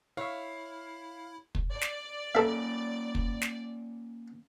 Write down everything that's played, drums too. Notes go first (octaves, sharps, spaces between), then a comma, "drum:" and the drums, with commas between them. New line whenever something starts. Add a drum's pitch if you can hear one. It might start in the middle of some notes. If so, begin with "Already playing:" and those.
E4 C#5 E5 F5
drum: kick
D5
drum: snare
A#3 C#4 A4 E5
drum: kick
drum: snare